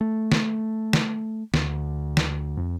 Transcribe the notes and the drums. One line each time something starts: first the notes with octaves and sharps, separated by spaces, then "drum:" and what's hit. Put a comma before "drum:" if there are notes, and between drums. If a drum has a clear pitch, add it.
A3
drum: snare
drum: snare
D2, drum: snare
drum: snare
F2